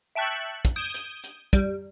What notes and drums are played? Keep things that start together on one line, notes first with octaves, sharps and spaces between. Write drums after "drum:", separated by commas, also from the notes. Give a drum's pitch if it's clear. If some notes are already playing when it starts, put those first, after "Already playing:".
E5 G5 A5 C#6 F#6
drum: kick, hi-hat
D#6 G6 G#6 D7 E7
drum: hi-hat
drum: hi-hat
G3, drum: kick, hi-hat